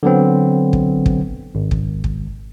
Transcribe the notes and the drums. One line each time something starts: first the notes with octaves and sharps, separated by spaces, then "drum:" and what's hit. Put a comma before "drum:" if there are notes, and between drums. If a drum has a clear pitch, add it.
D3 F#3 B3 C4
drum: kick
drum: kick
G#1
drum: kick
drum: kick